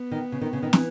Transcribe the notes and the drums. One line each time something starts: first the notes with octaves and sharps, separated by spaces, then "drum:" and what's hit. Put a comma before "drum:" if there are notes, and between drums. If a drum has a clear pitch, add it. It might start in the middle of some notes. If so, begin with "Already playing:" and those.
Already playing: B3
D#3
C#3
D#3
C#3
D#3
E3, drum: snare